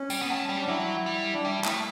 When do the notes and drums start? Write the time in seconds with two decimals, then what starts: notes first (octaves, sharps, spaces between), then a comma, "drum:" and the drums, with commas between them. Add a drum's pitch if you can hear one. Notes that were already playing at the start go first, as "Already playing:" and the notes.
Already playing: C#4
0.10 G3, drum: tambourine
0.21 B3
0.30 A3
0.49 G3
0.61 D4
0.68 F#3 E4
1.06 G3
1.34 D4
1.45 G3 E4
1.64 A3 E4, drum: clap